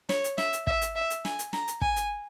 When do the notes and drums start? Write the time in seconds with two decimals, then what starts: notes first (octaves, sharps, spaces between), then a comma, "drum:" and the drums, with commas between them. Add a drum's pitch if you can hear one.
0.09 C#5, drum: snare
0.24 drum: hi-hat
0.38 E5, drum: snare
0.53 drum: hi-hat
0.67 E5, drum: kick
0.81 drum: hi-hat
0.96 E5
1.10 drum: hi-hat
1.25 G#5, drum: snare
1.39 drum: hi-hat
1.53 A#5, drum: snare
1.68 drum: hi-hat
1.81 G#5, drum: kick
1.96 drum: hi-hat